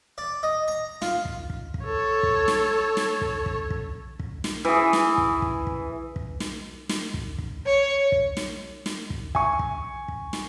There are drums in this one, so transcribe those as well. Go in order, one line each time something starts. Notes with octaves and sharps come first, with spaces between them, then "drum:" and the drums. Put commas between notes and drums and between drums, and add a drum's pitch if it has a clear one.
D5
D#5
A#5
F4, drum: snare
drum: kick
drum: kick
drum: kick
A4 C#5
drum: kick
drum: snare
drum: snare
drum: kick
drum: kick
drum: kick
drum: kick
drum: snare
E3 G#4
drum: snare
drum: kick
drum: kick
drum: kick
drum: kick
drum: snare
drum: snare
drum: kick
drum: kick
C#5
drum: kick
drum: snare
drum: snare
drum: kick
G#5 C#6, drum: kick
drum: kick
drum: kick
drum: snare